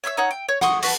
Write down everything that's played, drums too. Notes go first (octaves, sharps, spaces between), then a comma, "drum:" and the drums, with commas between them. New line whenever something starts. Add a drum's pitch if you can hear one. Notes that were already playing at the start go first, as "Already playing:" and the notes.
C#5 E5 C6 E6
D#4 C#5 F#5
G5
C#5
F#5 C6 C#6 D#6, drum: rim click
F#4 B4 F#5 A5, drum: open hi-hat